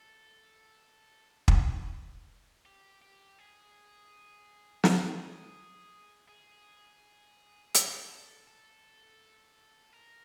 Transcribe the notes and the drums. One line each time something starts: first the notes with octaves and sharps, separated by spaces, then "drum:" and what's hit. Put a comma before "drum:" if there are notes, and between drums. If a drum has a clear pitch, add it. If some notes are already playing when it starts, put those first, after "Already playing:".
Already playing: A4
drum: kick
G4
G4
G#4
G#4, drum: snare
G4
G#4
G#4
A4, drum: hi-hat
A4
A#4